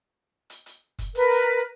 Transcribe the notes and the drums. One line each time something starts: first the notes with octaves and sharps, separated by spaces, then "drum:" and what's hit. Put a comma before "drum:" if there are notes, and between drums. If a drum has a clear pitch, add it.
drum: hi-hat
drum: hi-hat
drum: kick F#1, hi-hat
A#4 B4, drum: hi-hat
drum: hi-hat